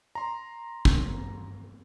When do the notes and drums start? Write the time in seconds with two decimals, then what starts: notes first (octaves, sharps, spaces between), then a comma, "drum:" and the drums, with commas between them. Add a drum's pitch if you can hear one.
0.15 A#5 C6
0.85 drum: kick